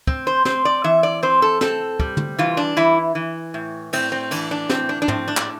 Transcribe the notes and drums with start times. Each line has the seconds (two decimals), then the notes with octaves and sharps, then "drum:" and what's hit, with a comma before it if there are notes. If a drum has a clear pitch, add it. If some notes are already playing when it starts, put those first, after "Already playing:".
0.07 C4, drum: kick
0.27 C5
0.45 C4 C5, drum: snare
0.65 D5
0.84 E3 E5
1.03 D5
1.23 C4 C5
1.42 A4
1.61 C4 A4, drum: snare
2.00 G3, drum: kick
2.17 drum: tom
2.39 E3 F4
2.57 D4
2.77 E3 E4
3.15 E3
3.54 A2
3.93 A2 C4, drum: cymbal
4.12 C4
4.31 E3 D4, drum: cymbal
4.51 D4
4.69 A2 C4, drum: snare
4.89 D4
5.02 D4
5.08 A2 C4, drum: tom
5.28 D4
5.37 drum: clap